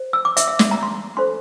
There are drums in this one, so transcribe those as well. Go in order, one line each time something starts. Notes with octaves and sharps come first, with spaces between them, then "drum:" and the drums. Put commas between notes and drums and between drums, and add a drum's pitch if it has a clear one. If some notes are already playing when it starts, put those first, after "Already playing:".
Already playing: C5
E6
D6
E5, drum: hi-hat
E5
E5, drum: snare
A#5
C6
D4 A4 C5 C6